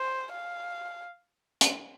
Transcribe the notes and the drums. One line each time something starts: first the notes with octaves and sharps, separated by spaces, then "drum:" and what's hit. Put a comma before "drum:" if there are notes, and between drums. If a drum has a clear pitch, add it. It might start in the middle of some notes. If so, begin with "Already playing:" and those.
Already playing: C5
F5
drum: hi-hat